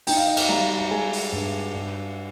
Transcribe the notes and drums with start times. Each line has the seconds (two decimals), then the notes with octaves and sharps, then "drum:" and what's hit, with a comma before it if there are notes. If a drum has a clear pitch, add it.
0.07 D#4 G5, drum: open hi-hat
0.17 F5
0.27 D#5
0.37 F5, drum: cymbal
0.49 G3 A#5
0.79 A#5
0.91 G#3 G#5
1.13 drum: open hi-hat
1.32 G2
1.74 G2